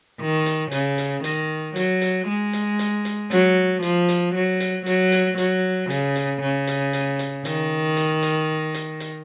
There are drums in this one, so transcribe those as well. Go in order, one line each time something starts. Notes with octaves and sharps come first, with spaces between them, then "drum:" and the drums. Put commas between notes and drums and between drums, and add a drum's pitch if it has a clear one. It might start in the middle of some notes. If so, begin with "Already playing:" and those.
D#3
drum: hi-hat
C#3, drum: hi-hat
drum: hi-hat
D#3, drum: hi-hat
F#3, drum: hi-hat
drum: hi-hat
G#3
drum: hi-hat
drum: hi-hat
drum: hi-hat
F#3, drum: hi-hat
F3, drum: hi-hat
drum: hi-hat
F#3
drum: hi-hat
F#3, drum: hi-hat
drum: hi-hat
F#3, drum: hi-hat
C#3, drum: hi-hat
drum: hi-hat
C#3
drum: hi-hat
drum: hi-hat
drum: hi-hat
D#3, drum: hi-hat
drum: hi-hat
drum: hi-hat
drum: hi-hat
drum: hi-hat